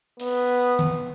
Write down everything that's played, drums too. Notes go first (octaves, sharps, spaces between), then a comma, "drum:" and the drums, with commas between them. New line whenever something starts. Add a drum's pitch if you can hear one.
B3, drum: hi-hat
drum: tom D#3